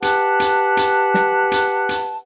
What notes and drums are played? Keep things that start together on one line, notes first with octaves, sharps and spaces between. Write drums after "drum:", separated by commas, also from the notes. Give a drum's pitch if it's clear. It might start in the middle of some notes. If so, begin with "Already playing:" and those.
G4 B4 F#5 A5, drum: hi-hat
drum: hi-hat
drum: hi-hat
drum: snare
drum: hi-hat
drum: hi-hat